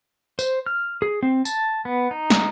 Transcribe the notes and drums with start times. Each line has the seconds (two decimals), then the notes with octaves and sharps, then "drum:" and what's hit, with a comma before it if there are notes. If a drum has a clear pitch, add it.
0.39 C5, drum: tambourine
0.66 F6
1.02 G#4
1.23 C4
1.45 A5, drum: tambourine
1.85 B3
2.11 D#4
2.30 drum: snare